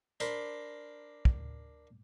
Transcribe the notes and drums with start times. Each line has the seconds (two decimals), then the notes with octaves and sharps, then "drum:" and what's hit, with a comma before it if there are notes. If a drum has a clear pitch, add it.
0.20 D4 A#4 C5 B5 D6, drum: tambourine
1.25 drum: kick